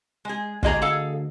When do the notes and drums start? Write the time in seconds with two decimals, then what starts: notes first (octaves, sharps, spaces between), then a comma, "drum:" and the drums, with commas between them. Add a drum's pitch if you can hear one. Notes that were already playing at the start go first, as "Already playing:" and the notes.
0.25 G#3 G#4
0.63 D2 G#3 A#3 G#4 D#5 A#5, drum: kick
0.82 G#4 A4 F5